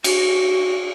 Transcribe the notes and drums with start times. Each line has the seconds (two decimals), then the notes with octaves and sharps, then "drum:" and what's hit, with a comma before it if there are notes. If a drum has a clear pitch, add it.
0.04 F#4, drum: cymbal